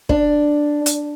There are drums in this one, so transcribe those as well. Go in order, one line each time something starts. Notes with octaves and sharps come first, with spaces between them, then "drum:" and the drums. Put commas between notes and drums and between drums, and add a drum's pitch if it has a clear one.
D4, drum: kick
drum: hi-hat